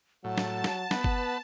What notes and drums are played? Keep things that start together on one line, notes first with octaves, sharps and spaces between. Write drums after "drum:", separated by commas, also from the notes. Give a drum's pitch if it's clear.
A2 F#3 F#5 A5
drum: snare
drum: snare
B3 B4, drum: snare
drum: kick G1